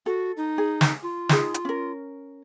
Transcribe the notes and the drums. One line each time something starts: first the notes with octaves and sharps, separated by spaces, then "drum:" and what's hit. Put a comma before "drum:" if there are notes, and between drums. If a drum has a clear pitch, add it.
F#4 A4
D#4
G#4
drum: snare
F4
D#4 G#4, drum: snare
drum: hi-hat
C#4 A#4